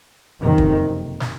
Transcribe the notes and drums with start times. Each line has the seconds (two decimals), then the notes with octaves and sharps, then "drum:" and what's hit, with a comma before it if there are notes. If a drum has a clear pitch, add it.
0.42 F#1 F2 C3 D#3
0.58 drum: kick
1.20 drum: snare